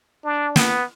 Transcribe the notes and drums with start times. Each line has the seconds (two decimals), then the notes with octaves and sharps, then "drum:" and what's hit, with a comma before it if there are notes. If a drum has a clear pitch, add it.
0.24 D4
0.56 B3, drum: snare